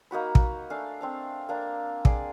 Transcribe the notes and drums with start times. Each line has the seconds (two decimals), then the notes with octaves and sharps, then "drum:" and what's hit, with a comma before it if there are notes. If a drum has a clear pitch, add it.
0.11 A#3 D#4 F#4 B5
0.35 drum: kick
0.70 A3 D4 F5 G#5
1.01 C4 D4 F5
1.49 A#3 D4
2.05 G#4 D5, drum: kick